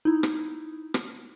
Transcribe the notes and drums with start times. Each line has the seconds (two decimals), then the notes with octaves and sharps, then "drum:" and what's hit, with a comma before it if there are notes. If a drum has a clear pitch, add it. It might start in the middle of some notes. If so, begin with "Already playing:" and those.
0.05 D#4 E4
0.23 drum: rim click
0.94 drum: rim click